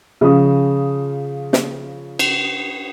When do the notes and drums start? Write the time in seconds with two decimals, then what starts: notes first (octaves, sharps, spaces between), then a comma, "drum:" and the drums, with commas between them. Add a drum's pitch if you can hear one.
0.21 C#3 F3 D#6
1.53 drum: snare
2.19 drum: cymbal